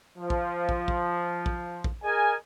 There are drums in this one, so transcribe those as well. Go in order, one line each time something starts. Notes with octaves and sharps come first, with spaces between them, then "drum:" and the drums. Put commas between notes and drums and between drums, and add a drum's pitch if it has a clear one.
F3
drum: kick
drum: kick
drum: kick
drum: kick
drum: kick
G#4 A#4 D#5 G#5